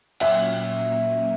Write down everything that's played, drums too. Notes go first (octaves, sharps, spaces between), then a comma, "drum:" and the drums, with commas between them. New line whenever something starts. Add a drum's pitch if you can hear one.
A#2 F#3 A#3 C#4 E5, drum: cymbal